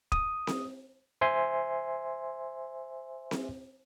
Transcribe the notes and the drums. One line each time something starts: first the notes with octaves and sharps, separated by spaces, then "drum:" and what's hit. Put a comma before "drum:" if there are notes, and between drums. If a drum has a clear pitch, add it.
D#6, drum: kick
drum: snare C4
C5 E5 G#5 C6
drum: snare C4